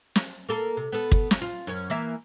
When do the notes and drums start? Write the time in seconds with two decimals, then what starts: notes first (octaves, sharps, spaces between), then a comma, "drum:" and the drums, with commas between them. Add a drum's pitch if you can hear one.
0.16 drum: snare
0.49 A#3 A4 A#4
0.77 C3
0.92 B3 A4
1.12 drum: kick
1.31 drum: snare
1.42 F4
1.67 F#2 C#4
1.90 E3 A#3 E5